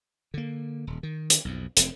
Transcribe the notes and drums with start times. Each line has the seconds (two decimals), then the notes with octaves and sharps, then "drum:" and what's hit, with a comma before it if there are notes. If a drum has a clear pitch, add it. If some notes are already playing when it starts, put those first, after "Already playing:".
0.34 D3 A#3
0.87 D#1
1.03 D#3
1.30 drum: hi-hat
1.45 B1 F2
1.77 F1 C4, drum: hi-hat